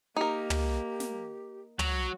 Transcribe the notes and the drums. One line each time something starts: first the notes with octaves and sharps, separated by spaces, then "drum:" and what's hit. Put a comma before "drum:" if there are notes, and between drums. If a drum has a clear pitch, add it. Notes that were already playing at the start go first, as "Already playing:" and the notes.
A#3 D#4 G4 A#4
drum: tom
drum: snare
F#3 F#4, drum: tom